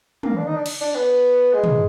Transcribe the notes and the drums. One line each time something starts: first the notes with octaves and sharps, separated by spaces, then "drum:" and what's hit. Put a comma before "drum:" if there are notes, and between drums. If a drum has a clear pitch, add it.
A#3, drum: tom
D4
D#4
D4
drum: cymbal
D4
B3
G#3
drum: tom